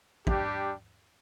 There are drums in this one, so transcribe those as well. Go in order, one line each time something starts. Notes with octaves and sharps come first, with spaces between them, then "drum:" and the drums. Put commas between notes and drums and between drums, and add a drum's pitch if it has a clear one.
G3 D4 G4, drum: kick